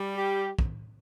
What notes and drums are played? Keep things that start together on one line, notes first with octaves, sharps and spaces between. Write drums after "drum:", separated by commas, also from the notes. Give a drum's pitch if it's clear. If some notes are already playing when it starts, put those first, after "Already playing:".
Already playing: G3
G4
drum: kick